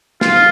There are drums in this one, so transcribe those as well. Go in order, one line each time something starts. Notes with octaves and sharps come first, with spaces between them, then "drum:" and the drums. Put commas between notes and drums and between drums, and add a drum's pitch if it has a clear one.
F4, drum: snare